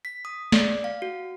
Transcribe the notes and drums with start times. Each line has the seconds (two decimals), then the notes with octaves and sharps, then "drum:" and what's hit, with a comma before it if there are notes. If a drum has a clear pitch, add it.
0.05 B6
0.25 D#6
0.52 D5, drum: snare
0.84 F5
1.02 F#4